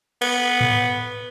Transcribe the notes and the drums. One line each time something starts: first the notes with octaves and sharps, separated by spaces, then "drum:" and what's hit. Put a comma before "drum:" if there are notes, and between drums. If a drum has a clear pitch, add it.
B3, drum: cymbal
drum: tom G#2